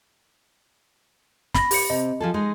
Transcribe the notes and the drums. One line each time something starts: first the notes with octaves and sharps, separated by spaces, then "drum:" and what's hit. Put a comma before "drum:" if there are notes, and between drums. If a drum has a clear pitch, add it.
B5 A#6, drum: snare
G4 C#7, drum: open hi-hat
C3 D#5
F3 G#4 A4
G#3 D#4